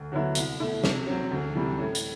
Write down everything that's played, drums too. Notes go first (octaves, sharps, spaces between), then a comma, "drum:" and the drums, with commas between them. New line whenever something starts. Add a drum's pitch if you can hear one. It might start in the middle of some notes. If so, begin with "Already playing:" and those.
Already playing: D2
D3 F#3 B3 E4
C2, drum: hi-hat
B2 A3 E4
C3, drum: snare
F#3 C4
D2
C3 E3 G3
A2
drum: hi-hat